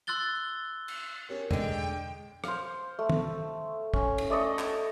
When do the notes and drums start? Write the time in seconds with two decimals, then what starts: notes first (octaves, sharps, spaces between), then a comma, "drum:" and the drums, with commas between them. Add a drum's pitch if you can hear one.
0.07 C6 E6 F#6 A6 G7
0.88 drum: cymbal
1.29 C#4 G4 A#4 C#5
1.51 E2 B2 D3 G#3 D4 G5 E6, drum: tom F2
2.44 C5 F5, drum: rim click
2.99 A3
3.10 drum: tom
3.94 C#4, drum: kick
4.18 drum: cymbal
4.30 A3 D5 D#5 C#6
4.59 drum: clap